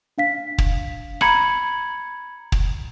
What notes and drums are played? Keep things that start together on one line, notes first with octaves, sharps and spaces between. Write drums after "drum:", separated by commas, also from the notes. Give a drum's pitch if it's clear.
D4 F5 B6
drum: kick
A#5 B5 G#6 C#7 F#7, drum: rim click
drum: kick